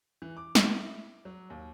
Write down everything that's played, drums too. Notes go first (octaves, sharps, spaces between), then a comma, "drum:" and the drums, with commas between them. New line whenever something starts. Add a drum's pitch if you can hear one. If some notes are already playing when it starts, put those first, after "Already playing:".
E3
D6
E4, drum: snare
F#3
D#2